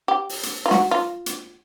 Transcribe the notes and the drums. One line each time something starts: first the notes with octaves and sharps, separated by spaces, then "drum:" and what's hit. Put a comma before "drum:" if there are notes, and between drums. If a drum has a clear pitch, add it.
G4
drum: open hi-hat
drum: hi-hat
F4
F#4, drum: snare
F4
drum: hi-hat